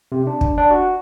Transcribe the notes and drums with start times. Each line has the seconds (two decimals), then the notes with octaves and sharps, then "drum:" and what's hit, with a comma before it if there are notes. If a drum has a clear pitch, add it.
0.12 C3
0.27 D4
0.41 drum: kick
0.58 D4
0.71 F#4